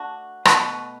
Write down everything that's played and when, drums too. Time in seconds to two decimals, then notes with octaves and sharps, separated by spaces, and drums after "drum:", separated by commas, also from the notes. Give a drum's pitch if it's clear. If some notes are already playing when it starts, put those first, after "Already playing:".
Already playing: A3 D4 F#4
0.45 B2 A3 F#4 B4, drum: rim click